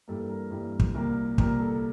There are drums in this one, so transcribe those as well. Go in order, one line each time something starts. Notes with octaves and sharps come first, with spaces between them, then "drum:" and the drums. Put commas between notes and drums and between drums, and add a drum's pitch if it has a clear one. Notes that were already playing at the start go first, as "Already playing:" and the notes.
G2 E3 G3 A#3 A4
A#4
G2 E3 G3 A#3
drum: kick
C2 A#2 G3 A#3 A#4
C2 A#2 G3 A#3 A#4, drum: kick
A4